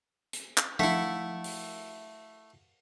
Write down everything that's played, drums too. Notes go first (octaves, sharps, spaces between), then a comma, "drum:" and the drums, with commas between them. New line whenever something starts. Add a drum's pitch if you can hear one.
drum: hi-hat
drum: clap
A3 E4 F5 F#5 B6, drum: tom F3
drum: open hi-hat